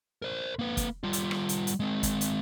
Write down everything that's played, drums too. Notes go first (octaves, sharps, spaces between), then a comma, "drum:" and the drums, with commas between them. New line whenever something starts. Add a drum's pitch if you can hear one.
A#4 C5
A#3 B4
drum: kick, hi-hat
G3 F4
drum: hi-hat
drum: rim click
drum: hi-hat
drum: hi-hat
G#3 C4
drum: kick, hi-hat
drum: hi-hat